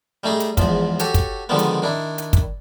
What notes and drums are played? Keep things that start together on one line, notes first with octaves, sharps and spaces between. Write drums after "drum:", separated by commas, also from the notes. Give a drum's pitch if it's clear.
G3 A3 D#4 G#4
drum: hi-hat
E2 G#2 F3, drum: kick, hi-hat
F#4 G4 A4 C#5, drum: hi-hat
drum: kick, hi-hat
D3 D#3 F3 G3 G#3 B3
drum: hi-hat
D#3 D4 E4
drum: hi-hat
drum: kick, hi-hat